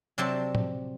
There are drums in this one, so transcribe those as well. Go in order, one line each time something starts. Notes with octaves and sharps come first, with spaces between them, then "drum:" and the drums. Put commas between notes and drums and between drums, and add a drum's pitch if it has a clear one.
C3 F#3 C4 D5 A5
drum: tom A2